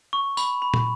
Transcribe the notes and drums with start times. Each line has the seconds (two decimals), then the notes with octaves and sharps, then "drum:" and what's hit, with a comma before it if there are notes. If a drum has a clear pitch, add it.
0.13 C#6
0.37 B5, drum: tambourine
0.62 B5
0.74 drum: tom